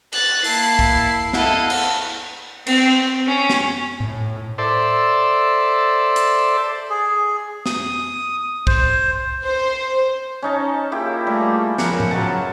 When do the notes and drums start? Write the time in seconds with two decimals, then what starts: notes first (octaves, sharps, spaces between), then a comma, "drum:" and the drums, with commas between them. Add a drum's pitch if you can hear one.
0.13 F#6 A6, drum: cymbal
0.44 A#3 E4 A5 C7, drum: open hi-hat
0.79 drum: kick
1.33 E4 A4 D#5 F5 F#5, drum: snare
1.70 drum: cymbal
2.67 C4, drum: cymbal
3.27 C#4
3.50 drum: snare
4.00 A2
4.58 A4 C5 D5 E5
6.16 drum: hi-hat
6.90 G#4
7.66 D#6, drum: snare
8.67 C5, drum: kick
9.44 C5
10.42 C#4 D#4 A5
10.92 A#3 E4 F4 G4 G#4
11.27 G3 A3
11.78 C#2 F3 A#4 F#5, drum: snare
12.00 drum: tom A2
12.11 C#2 F#3 A5